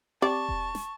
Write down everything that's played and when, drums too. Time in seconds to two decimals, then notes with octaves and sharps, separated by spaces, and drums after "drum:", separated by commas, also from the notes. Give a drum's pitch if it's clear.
0.22 C4 G4 D5 A5 C#6 D6
0.49 drum: kick E1
0.75 drum: snare